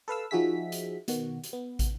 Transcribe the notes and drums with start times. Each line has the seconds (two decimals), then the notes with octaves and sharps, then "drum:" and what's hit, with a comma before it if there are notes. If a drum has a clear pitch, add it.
0.08 A4 B4 F5 E6
0.31 F3 D#4 F#4 G#4 E5 B6
0.72 drum: hi-hat
1.08 B2 D#3 F#4, drum: hi-hat
1.44 drum: hi-hat
1.53 B3
1.79 drum: kick, hi-hat